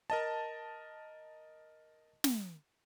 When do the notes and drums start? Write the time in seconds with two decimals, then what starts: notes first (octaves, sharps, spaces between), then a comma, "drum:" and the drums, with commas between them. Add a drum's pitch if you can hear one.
0.10 A#4 D#5 A5
2.24 drum: snare